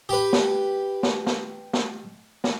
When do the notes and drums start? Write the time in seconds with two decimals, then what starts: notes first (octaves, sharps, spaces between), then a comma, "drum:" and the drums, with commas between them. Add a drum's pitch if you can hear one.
0.09 G4 B4
0.33 drum: snare
1.03 drum: snare
1.27 drum: snare
1.73 drum: snare
2.44 drum: snare